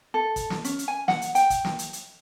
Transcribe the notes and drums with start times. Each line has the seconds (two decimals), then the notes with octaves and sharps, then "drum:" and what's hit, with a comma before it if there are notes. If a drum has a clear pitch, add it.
0.14 A4
0.36 drum: kick, hi-hat
0.50 drum: snare
0.64 C#4, drum: hi-hat
0.79 drum: hi-hat
0.88 G#5
1.08 F#5, drum: snare
1.22 drum: hi-hat
1.35 G5, drum: hi-hat
1.50 drum: kick, hi-hat
1.64 drum: snare
1.79 drum: hi-hat
1.93 drum: hi-hat